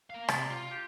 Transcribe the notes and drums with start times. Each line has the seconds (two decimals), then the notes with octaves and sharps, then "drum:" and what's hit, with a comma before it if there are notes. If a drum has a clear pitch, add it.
0.10 A#4 F5
0.29 C3 D5, drum: rim click
0.50 F4
0.71 G4